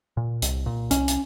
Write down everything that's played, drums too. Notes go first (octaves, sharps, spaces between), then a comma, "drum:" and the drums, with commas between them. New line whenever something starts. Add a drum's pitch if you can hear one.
A#2
C2, drum: hi-hat
A#2
C2 C#4, drum: hi-hat
drum: hi-hat